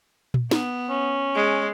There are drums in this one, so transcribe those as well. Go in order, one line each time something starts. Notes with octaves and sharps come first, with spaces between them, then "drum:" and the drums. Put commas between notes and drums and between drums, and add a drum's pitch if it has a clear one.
drum: tom A#2
B3, drum: snare
C#4
G#3